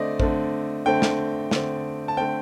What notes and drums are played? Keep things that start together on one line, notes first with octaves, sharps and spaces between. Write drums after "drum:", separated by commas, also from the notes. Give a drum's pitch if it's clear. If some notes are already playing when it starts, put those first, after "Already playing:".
Already playing: D3 A3 C4 D5 D#5
D3 A3 C4, drum: kick A1
D3 A3 C4 G5
drum: snare
D3 A3 C4, drum: snare
A5
D3 A3 C4 G5